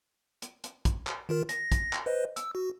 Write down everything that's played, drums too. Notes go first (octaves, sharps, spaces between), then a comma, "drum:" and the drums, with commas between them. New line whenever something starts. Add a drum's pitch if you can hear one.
drum: hi-hat
drum: hi-hat
drum: kick, hi-hat
drum: clap
D#3 F4 A#4
A#6, drum: hi-hat
drum: kick, hi-hat
drum: clap
B4 C5 D#5
E6, drum: hi-hat
F#4